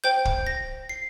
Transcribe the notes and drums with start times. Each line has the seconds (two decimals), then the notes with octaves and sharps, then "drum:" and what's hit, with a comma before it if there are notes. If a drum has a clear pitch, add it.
0.04 C5 G5 G6
0.25 drum: kick
0.47 A#6
0.89 C7